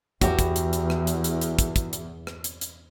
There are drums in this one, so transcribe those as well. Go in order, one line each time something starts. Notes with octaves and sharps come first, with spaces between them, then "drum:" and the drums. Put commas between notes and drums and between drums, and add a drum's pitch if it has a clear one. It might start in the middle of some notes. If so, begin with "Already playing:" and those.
E2 F#4 G4, drum: kick, hi-hat
drum: kick, hi-hat
drum: hi-hat
drum: hi-hat
drum: rim click
drum: hi-hat
drum: hi-hat
drum: hi-hat
drum: kick, hi-hat
drum: kick, hi-hat
drum: hi-hat
drum: rim click
drum: hi-hat
drum: hi-hat